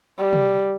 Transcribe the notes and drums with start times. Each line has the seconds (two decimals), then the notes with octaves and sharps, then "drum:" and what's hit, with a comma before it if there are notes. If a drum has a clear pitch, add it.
0.18 G3
0.33 drum: tom C3